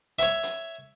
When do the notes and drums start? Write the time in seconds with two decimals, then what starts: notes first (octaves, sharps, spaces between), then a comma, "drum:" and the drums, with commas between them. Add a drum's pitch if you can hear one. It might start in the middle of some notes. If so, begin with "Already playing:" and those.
0.19 C#5 E5, drum: hi-hat
0.43 drum: hi-hat